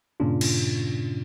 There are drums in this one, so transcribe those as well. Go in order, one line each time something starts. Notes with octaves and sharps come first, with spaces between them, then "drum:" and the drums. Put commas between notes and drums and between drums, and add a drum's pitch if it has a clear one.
G2 A#2 C#3 C#4 D4 F4
drum: cymbal